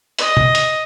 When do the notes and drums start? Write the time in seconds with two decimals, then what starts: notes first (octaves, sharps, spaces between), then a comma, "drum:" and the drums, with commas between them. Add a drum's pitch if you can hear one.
0.19 D#5, drum: hi-hat
0.37 drum: tom B2
0.55 drum: hi-hat